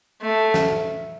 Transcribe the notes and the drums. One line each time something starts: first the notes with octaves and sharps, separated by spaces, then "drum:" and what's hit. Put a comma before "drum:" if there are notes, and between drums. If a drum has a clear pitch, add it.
A3
drum: snare